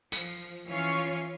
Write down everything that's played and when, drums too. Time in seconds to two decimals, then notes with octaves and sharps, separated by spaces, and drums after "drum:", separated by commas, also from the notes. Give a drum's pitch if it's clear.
0.12 F3, drum: tambourine
0.67 E3 C#4 F4 C#5 F5